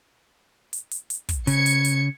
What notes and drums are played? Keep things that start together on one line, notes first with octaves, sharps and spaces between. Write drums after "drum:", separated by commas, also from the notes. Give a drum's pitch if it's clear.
drum: hi-hat
drum: hi-hat
drum: hi-hat
drum: kick, hi-hat
C#3 G#6 C#7, drum: hi-hat
drum: hi-hat
drum: hi-hat